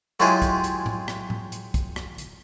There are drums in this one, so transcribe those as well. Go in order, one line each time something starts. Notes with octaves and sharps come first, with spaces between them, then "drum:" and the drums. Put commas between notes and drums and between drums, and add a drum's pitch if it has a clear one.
F#3 G#3 E4 F4 G4 G#4, drum: hi-hat
drum: kick B1, hi-hat
drum: hi-hat
drum: tom A2
drum: rim click
drum: tom A2
drum: hi-hat
drum: kick B1, hi-hat
drum: rim click
drum: hi-hat